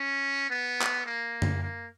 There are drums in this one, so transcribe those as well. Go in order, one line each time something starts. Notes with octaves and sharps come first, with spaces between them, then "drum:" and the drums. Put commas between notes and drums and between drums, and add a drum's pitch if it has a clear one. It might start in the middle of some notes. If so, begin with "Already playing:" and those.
Already playing: C#4
B3
drum: clap
A#3
drum: tom F#2
A#3